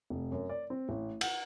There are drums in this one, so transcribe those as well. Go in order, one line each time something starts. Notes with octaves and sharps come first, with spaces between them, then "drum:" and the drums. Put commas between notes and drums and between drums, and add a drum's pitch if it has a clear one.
F1
F#2
D5
C4
A1
F#5, drum: cymbal